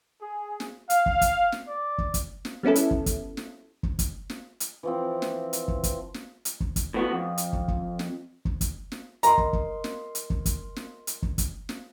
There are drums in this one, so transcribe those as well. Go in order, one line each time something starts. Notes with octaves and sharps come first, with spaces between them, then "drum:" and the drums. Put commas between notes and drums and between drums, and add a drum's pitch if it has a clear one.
G#4
drum: snare
F5, drum: hi-hat
drum: kick
drum: kick, hi-hat
drum: snare
D5
drum: kick
drum: kick, hi-hat
drum: snare
G3 B3 C#4 E4 A4
drum: hi-hat
drum: kick
drum: kick, hi-hat
drum: snare
drum: kick
drum: kick, hi-hat
drum: snare
drum: hi-hat
E3 F3 C4
drum: snare
drum: hi-hat
drum: kick
drum: kick, hi-hat
drum: snare
drum: hi-hat
drum: kick
drum: kick, hi-hat
A2 B3 F#4
F2
drum: hi-hat
drum: kick
drum: kick
drum: snare
drum: kick
drum: kick, hi-hat
drum: snare
A#4 D#5 A#5 C6, drum: hi-hat
drum: kick
drum: kick
drum: snare
drum: hi-hat
drum: kick
drum: kick, hi-hat
drum: snare
drum: hi-hat
drum: kick
drum: kick, hi-hat
drum: snare